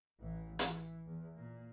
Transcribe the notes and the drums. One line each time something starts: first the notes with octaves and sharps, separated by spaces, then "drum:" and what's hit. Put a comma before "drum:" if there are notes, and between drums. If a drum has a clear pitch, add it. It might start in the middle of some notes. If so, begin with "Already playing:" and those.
A1 E3
E3, drum: hi-hat
E2
A#2 A#3